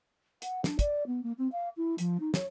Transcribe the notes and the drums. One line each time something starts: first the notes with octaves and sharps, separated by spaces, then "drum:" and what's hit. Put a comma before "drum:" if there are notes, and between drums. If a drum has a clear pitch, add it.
F#5, drum: hi-hat
D4, drum: snare
D5, drum: kick, hi-hat
B3
A#3
C4
F5
E4
F3, drum: hi-hat
D#4
C#5, drum: snare